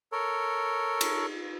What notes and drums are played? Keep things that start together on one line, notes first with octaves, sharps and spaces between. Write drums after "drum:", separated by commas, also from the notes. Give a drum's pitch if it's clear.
A4 A#4 C#5
drum: cymbal